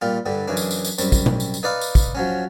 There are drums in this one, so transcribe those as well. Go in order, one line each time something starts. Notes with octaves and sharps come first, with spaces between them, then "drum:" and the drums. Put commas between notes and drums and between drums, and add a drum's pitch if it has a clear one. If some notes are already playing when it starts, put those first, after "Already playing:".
A#2 G3 F4
G2 D3 G3
F#2 C#3 E3 D4
drum: tambourine
drum: tambourine
drum: tambourine
F#2 G3 C4, drum: tambourine
drum: kick, tambourine
drum: tom B2
drum: tambourine
drum: tambourine
D#4 B4 D5 F5
drum: tambourine
drum: kick, tambourine
F3 F#3 C#4